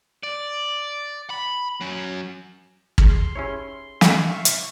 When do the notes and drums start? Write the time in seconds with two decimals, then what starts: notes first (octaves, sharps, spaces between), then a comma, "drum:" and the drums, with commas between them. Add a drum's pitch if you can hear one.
0.23 D5
1.30 B5
1.81 F#3 C#4
2.98 G#4 A4 C6, drum: kick
3.35 C#4 D#4 E4 G4 G#4 C#5
4.01 drum: snare
4.29 E5 F5 C#6
4.45 drum: hi-hat